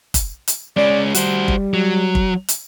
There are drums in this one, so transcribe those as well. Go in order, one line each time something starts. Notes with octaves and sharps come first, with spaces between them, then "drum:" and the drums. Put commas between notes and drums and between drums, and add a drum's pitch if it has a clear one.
drum: kick, hi-hat
drum: hi-hat
G#3 C#4 D5
G3 F#4 C5, drum: hi-hat
drum: kick
F#3
drum: kick
drum: hi-hat